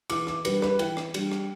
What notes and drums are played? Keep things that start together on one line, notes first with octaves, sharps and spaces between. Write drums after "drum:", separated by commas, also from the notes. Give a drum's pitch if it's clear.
E3 D6, drum: cymbal
D6, drum: rim click
G3 D4 B4, drum: cymbal
B4, drum: rim click
E3 G5, drum: cymbal
drum: rim click
G3 D4, drum: cymbal
drum: rim click